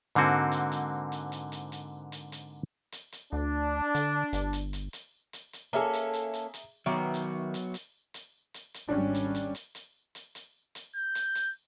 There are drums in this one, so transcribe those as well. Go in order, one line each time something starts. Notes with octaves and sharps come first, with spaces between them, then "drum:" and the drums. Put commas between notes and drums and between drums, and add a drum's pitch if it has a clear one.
G#2 D3 A#3 C4 F#4
drum: hi-hat
drum: hi-hat
drum: hi-hat
drum: hi-hat
drum: hi-hat
drum: hi-hat
drum: hi-hat
drum: hi-hat
drum: hi-hat
drum: hi-hat
D2 D4
D3, drum: hi-hat
G1, drum: hi-hat
drum: hi-hat
drum: hi-hat
drum: hi-hat
drum: hi-hat
drum: hi-hat
A#3 C#4 G#4 A4 E5 A#5
drum: hi-hat
drum: hi-hat
drum: hi-hat
drum: hi-hat
D#3 F#3 B3 F#4 E5 C#6 D6
drum: hi-hat
drum: hi-hat
drum: hi-hat
drum: hi-hat
drum: hi-hat
drum: hi-hat
G#1 G3 C#4 D4
drum: hi-hat
drum: hi-hat
drum: hi-hat
drum: hi-hat
drum: hi-hat
drum: hi-hat
drum: hi-hat
G6
drum: hi-hat
drum: hi-hat